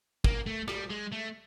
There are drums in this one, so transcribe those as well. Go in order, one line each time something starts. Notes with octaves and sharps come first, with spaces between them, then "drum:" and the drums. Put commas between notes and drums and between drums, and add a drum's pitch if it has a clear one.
A#3, drum: kick
A3
G3, drum: rim click
G#3
A3